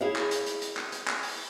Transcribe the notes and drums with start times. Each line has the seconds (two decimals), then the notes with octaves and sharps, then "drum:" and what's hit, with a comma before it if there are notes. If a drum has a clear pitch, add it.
0.01 E4 G#4 C#5 F5
0.16 drum: clap
0.31 drum: hi-hat
0.46 drum: hi-hat
0.62 drum: hi-hat
0.77 drum: clap
0.92 drum: hi-hat
1.07 drum: clap
1.23 drum: open hi-hat